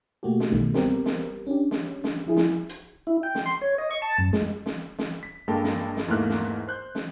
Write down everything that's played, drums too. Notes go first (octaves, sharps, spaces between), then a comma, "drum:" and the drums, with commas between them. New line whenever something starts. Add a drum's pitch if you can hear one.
B2 A3 A#3 F#4 G4
drum: snare
B1 B2 D#3 G3 A3
G3 B3 C4 G4 A#4, drum: snare
drum: snare
C#4 D4 G4
drum: snare
drum: snare
F3 E4 G#4
drum: snare
drum: hi-hat
E4
G5
drum: snare
C6
C#5
D#5
C#6
A5
F#2
G#3, drum: snare
drum: snare
drum: snare
B6
G2 G#3 A#3 A4 G5 A5
drum: snare
drum: snare
E2 G#2 A3 A#3 F6 F#6
drum: snare
C5 F#6 G6
drum: snare